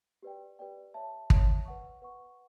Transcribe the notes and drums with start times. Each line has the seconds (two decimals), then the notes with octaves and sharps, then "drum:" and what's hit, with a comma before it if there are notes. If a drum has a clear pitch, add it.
0.22 G4 B4 D5 G5
0.59 G4 B4 D5 G5
0.94 C#5 E5 A5
1.30 C#5 E5 A5, drum: kick
1.65 B4 F#5 C#6
2.02 B4 F#5 C#6